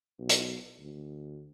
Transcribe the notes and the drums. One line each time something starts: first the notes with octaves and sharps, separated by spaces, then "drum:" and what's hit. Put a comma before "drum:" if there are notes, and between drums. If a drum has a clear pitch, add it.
B1
drum: hi-hat
D2